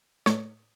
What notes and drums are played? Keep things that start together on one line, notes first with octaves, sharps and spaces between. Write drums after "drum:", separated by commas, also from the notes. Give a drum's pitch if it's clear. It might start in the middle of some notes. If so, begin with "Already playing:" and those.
A2 C#5, drum: rim click